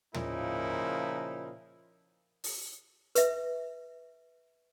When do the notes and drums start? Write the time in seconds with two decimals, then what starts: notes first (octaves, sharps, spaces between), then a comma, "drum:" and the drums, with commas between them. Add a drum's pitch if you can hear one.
0.14 A#2 C#3 F3 A#3 D#4 E4, drum: tom
2.44 drum: open hi-hat
3.15 B4 E5, drum: hi-hat